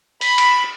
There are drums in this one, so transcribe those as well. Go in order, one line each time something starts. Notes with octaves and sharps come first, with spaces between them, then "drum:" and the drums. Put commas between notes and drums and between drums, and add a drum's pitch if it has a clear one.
B5, drum: open hi-hat
drum: cymbal